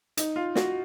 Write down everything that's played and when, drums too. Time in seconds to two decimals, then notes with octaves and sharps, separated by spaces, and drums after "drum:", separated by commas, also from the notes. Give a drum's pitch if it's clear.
0.17 D#4, drum: hi-hat
0.36 F4
0.55 F#4, drum: snare